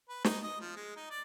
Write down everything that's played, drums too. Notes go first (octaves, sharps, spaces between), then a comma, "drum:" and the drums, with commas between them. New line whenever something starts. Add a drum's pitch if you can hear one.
B4
D#4, drum: snare
D#5
F3
G#3
D#4
D5